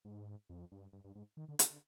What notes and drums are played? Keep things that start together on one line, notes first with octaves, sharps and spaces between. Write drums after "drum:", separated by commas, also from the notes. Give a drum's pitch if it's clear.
G#2
F2
G2
G2
G2
G#2
D#3
D3
D3, drum: hi-hat
D3